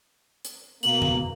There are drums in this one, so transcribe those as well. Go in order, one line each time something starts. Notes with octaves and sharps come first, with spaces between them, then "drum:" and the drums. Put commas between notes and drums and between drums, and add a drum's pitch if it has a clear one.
drum: hi-hat
B2 A#3 F#7, drum: hi-hat
drum: tom F2